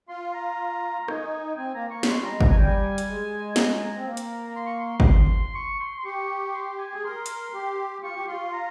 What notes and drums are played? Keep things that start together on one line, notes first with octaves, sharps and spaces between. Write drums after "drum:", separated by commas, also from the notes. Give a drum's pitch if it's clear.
F4 C6
A#5
D#4 G#5, drum: rim click
G#5
G5
C4 G#5
A#3 A#5
A#3 C#6
G#3 C6, drum: snare
G3
G#3 A#5
A#5, drum: kick
G#5
G3 G5
G#5
drum: hi-hat
G#3
A#5, drum: snare
G#5
A#5
C4
A#3
drum: hi-hat
C6
C#6
C6
drum: kick
C#6
C6
C6
G4 C#6
C6
G#5
G#4
A#4 C6
drum: hi-hat
G4
F4 C#6
G4
F4 C6
A#5